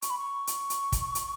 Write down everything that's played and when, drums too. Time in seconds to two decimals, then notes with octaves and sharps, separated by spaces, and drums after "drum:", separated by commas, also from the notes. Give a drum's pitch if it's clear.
0.02 C#6, drum: hi-hat
0.10 B5
0.18 C#6
0.47 drum: hi-hat
0.70 drum: hi-hat
0.92 drum: kick, hi-hat
1.15 drum: hi-hat